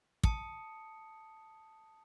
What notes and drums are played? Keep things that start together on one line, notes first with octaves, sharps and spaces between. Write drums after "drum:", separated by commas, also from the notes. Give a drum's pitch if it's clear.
A5 D#6 C#7, drum: kick